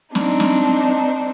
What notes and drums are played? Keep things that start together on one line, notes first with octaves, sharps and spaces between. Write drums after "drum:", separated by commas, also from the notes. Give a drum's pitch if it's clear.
C4 D4 D#4, drum: snare
drum: snare